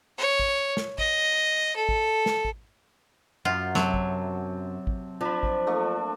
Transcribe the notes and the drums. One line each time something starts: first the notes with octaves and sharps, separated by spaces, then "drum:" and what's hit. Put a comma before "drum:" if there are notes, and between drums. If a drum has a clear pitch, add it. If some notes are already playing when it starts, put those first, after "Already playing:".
C#5
drum: kick
drum: snare
D#5, drum: kick
A4
drum: kick
drum: snare
drum: kick
F#2 F4
C3 F#3 A5 C6, drum: snare
drum: kick
drum: kick
F3 D4 B5
drum: kick
A3 A#3 D4